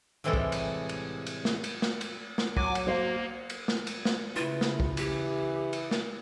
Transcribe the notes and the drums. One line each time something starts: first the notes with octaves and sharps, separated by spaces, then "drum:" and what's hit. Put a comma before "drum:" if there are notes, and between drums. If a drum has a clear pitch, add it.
A2 C3 E3 G3 G#3 A4
drum: kick
drum: cymbal
drum: cymbal
drum: cymbal
drum: snare
drum: cymbal
drum: snare
drum: cymbal
drum: snare
F#3 G#5 D6, drum: kick
drum: cymbal
A#3 C5 F5
drum: cymbal
drum: snare
drum: cymbal
drum: snare
C#3 E4 F4 B4
drum: snare
drum: kick
E3 G4, drum: cymbal
drum: cymbal
drum: snare